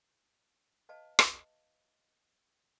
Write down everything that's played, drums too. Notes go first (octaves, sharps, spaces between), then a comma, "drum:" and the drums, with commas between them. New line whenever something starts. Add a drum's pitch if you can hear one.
B4 D#5 F5 A5
drum: rim click